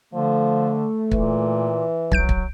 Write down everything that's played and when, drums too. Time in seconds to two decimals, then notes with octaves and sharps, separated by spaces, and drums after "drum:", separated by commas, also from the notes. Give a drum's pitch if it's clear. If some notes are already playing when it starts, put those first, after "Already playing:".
0.14 D3 F3 A3
1.12 A#2 E3, drum: kick
2.12 B1 F#3 G6 D7, drum: kick
2.29 drum: kick